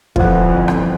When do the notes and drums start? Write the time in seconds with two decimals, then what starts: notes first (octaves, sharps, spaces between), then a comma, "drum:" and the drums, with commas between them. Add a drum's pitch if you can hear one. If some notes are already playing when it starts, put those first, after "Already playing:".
0.16 G1 F2 E3 F4 C5 F#5, drum: kick
0.68 drum: rim click